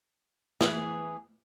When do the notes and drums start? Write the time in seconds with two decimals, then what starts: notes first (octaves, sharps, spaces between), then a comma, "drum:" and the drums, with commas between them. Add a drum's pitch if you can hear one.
0.61 E3 B3 E4 G#4, drum: snare